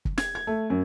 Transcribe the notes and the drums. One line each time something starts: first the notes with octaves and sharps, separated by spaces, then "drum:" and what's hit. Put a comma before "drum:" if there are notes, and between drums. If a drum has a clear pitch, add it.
drum: kick
G#6, drum: snare
G#6
A3
F#2